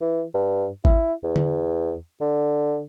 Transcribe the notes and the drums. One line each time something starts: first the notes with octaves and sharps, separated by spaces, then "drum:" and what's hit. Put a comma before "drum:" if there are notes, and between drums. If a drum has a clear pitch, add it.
E3
G2
E4, drum: kick G#1
E2
drum: tom D3
D3